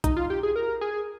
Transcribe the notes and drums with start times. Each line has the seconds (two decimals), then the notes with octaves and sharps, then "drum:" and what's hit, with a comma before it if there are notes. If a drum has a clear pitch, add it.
0.04 D#4, drum: kick, hi-hat
0.17 F4
0.30 G4
0.43 G#4
0.56 A#4
0.81 G#4